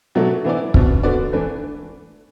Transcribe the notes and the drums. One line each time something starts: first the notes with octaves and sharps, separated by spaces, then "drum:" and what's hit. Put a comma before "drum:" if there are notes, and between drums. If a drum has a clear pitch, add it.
B2 F#3 A3 D4
E3 B3 E4 D5
B2 B3 D4, drum: kick
D3 B3 F#4 D5
E3 A3 D4 B4